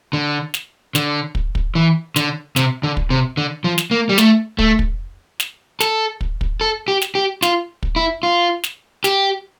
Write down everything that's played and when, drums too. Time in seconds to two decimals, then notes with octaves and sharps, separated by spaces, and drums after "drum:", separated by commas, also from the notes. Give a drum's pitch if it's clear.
0.13 D3
0.54 drum: snare
0.95 D3, drum: snare
1.35 drum: kick
1.55 drum: kick
1.75 E3
2.16 D3, drum: snare
2.56 C3, drum: snare
2.83 D3
2.97 drum: kick
3.10 C3
3.37 D3
3.64 F3
3.78 drum: snare
3.91 A#3
4.09 G3
4.18 A3, drum: snare
4.59 A3, drum: kick
4.79 drum: kick
5.40 drum: snare
5.80 A4, drum: snare
6.21 drum: kick
6.41 drum: kick
6.61 A4
6.88 G4
7.02 drum: snare
7.15 G4
7.42 F4, drum: snare
7.83 drum: kick
7.96 E4
8.23 F4
8.64 drum: snare
9.04 G4, drum: snare